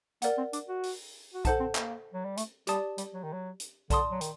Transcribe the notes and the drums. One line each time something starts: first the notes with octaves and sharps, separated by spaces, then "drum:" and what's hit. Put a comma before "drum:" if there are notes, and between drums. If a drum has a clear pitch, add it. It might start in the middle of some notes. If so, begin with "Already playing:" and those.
A#3 A#4 D5 F#5, drum: hi-hat
C4
D4, drum: hi-hat
F#4
drum: open hi-hat
F#4
D#4 A4 C5 F#5 A5, drum: kick B1, hi-hat
C4
A#3, drum: clap
F#3
G3
A3, drum: hi-hat
G3 G4 D5 A5 D#6, drum: hi-hat
G3, drum: hi-hat
F#3
D#3
F#3
drum: hi-hat
D3 D5 A5 C6 D#6, drum: kick B1, hi-hat
F#3
D#3, drum: hi-hat